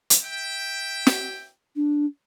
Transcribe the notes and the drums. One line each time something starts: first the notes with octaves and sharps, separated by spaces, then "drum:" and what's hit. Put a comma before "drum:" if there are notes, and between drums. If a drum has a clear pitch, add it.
drum: hi-hat
E5 G5
drum: snare
D4